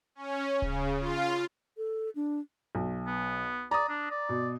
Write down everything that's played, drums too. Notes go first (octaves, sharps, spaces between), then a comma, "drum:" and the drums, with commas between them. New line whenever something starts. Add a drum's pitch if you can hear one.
C#4
C#3, drum: kick D1
F4
A4
D4
B1
B3
D5 A#5 D#6
D4
D5
B2